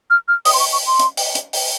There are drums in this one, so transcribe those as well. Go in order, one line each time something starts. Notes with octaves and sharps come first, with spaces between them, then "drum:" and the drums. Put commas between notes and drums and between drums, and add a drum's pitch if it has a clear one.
F6
F6
D#6, drum: open hi-hat
C6
C#6
C#6
C6
drum: hi-hat
drum: open hi-hat
drum: hi-hat
drum: open hi-hat